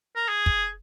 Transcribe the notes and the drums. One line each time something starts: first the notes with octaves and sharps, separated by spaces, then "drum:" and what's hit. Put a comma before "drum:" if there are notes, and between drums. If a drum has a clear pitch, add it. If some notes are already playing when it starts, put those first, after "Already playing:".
A#4
G#4
drum: kick